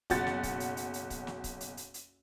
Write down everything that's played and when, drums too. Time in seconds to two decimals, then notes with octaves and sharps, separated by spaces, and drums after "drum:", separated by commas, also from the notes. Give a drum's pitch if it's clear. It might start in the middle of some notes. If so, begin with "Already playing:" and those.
0.10 F#1 B1 F#4 F#5 A6, drum: kick C#1, hi-hat
0.27 drum: snare
0.43 drum: kick C#1, hi-hat
0.60 drum: hi-hat
0.77 drum: hi-hat
0.94 drum: hi-hat
1.10 drum: kick C#1, hi-hat
1.27 drum: snare
1.44 drum: kick C#1, hi-hat
1.61 drum: hi-hat
1.77 drum: hi-hat
1.94 drum: hi-hat